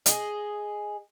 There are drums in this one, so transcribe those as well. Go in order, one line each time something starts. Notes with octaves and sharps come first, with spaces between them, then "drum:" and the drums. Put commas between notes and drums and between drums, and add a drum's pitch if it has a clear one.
G#4 D#5, drum: hi-hat